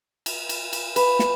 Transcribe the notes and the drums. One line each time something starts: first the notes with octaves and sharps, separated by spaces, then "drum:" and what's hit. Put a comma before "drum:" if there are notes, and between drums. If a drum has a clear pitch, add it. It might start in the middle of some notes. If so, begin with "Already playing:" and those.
drum: cymbal
drum: cymbal
drum: cymbal
B4, drum: cymbal
drum: snare